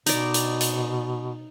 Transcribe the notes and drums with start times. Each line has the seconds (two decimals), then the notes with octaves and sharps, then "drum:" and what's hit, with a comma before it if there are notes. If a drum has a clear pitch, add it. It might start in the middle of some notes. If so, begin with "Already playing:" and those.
0.06 B2 D#4 D5, drum: hi-hat
0.34 drum: hi-hat
0.60 drum: hi-hat